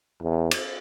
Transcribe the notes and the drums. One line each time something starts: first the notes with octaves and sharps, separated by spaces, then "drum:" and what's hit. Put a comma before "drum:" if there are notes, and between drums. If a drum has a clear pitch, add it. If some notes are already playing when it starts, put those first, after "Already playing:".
E2
drum: cymbal